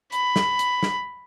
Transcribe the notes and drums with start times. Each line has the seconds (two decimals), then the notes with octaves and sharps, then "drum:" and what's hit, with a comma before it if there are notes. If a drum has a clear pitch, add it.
0.12 B5, drum: hi-hat
0.36 drum: snare
0.59 drum: hi-hat
0.83 drum: snare